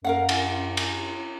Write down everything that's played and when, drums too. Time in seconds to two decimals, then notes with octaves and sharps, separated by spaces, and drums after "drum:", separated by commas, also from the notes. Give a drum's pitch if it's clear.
0.04 F#2 A#4 F5 F#5
0.29 drum: cymbal
0.77 drum: cymbal